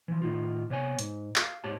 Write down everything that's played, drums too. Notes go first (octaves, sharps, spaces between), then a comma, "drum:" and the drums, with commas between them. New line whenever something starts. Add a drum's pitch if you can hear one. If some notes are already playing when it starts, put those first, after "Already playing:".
E3 F3
A2 D#3 F4
C3 B3 C#5 F5 G#5
G#2, drum: hi-hat
F5, drum: clap
G#2 G4 C#5 A5